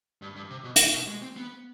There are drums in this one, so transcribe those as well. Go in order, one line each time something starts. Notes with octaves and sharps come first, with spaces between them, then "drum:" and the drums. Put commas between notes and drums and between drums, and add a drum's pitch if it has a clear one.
G2
G2
C3
B2
drum: hi-hat
B2
G#3
C4
B3